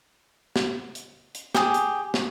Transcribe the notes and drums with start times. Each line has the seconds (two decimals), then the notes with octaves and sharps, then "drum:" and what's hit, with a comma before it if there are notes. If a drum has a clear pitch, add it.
0.56 drum: snare
0.95 drum: hi-hat
1.35 drum: hi-hat
1.55 G4 G#4, drum: snare
1.74 drum: hi-hat
2.14 drum: snare